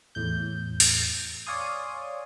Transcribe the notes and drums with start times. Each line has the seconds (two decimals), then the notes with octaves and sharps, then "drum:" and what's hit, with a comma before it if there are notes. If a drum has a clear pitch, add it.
0.15 E2 A2 G6
0.80 drum: open hi-hat
1.47 C#5 D5 F5 G#5 C6 D#6